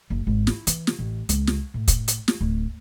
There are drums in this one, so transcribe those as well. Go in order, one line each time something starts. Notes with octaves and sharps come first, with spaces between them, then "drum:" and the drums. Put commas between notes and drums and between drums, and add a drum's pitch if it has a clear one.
F#1
G#1
E4, drum: snare
E3, drum: hi-hat
drum: snare
A1
C#2, drum: hi-hat
drum: snare
A2
drum: kick, hi-hat
drum: hi-hat
drum: snare
D1